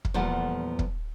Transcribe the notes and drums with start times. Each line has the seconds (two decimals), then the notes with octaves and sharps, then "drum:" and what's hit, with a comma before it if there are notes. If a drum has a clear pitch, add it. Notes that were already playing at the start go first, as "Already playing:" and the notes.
0.05 drum: kick
0.14 E2 A#2 F3 G3 A4 F#5
0.79 drum: kick